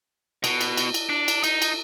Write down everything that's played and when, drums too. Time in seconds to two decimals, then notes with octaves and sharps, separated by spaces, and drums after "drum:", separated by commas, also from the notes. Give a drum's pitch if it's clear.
0.44 B2, drum: cymbal
0.61 drum: cymbal
0.77 drum: cymbal
0.94 drum: cymbal
1.09 D4
1.28 drum: cymbal
1.44 D#4, drum: cymbal
1.62 drum: cymbal